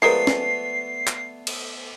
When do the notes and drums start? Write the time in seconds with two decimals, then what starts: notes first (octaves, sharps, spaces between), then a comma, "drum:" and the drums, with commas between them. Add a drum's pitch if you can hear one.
0.02 F3 G#3 A3 B3 D4 A#4 C7
0.27 drum: snare
1.07 drum: clap
1.47 drum: cymbal